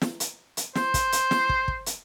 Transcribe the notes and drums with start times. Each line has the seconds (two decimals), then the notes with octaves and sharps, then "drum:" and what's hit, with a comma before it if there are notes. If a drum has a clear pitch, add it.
0.02 drum: snare
0.20 drum: hi-hat
0.57 drum: hi-hat
0.75 C5, drum: snare
0.94 drum: kick, hi-hat
1.12 drum: hi-hat
1.31 drum: snare
1.49 drum: kick
1.68 drum: kick
1.86 drum: hi-hat